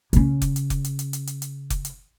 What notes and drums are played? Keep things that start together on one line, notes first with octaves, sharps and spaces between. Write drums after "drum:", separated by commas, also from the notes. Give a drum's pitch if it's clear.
C#3 C#4, drum: hi-hat
drum: kick F1, hi-hat
drum: hi-hat
drum: kick F1, hi-hat
drum: hi-hat
drum: hi-hat
drum: hi-hat
drum: hi-hat
drum: hi-hat
drum: kick F1, hi-hat
drum: hi-hat